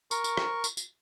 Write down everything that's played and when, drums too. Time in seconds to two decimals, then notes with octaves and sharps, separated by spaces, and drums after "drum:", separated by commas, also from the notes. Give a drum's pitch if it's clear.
0.11 A#4 C#6, drum: tambourine
0.24 drum: tambourine
0.37 drum: rim click
0.64 drum: tambourine
0.77 drum: tambourine